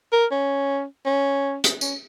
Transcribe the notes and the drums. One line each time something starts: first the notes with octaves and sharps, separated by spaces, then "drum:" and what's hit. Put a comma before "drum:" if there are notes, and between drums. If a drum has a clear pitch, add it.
A#4
C#4
C#4
drum: hi-hat
C#4, drum: tambourine